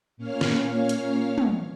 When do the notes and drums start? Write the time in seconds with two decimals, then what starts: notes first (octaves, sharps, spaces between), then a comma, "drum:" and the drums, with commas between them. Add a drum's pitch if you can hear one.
0.17 A#2 A#3 C#4 C#5 F5 F6
0.41 drum: snare
0.89 drum: hi-hat
1.38 drum: tom